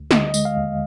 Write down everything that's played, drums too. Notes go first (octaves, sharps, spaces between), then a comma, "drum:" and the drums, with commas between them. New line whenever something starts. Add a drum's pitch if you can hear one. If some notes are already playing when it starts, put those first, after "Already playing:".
Already playing: D2
D3 D#5, drum: snare
D#5
G#3, drum: tambourine
F5
D#2